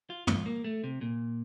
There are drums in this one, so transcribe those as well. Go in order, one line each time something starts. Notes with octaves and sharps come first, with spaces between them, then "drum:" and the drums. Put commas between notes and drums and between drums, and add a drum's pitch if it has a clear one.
F4
F4, drum: tom
A#3
A3
C3
A#2